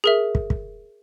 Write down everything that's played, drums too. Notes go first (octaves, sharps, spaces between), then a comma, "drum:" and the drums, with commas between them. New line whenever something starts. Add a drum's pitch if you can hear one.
G#4 A#4 E5
drum: kick
drum: kick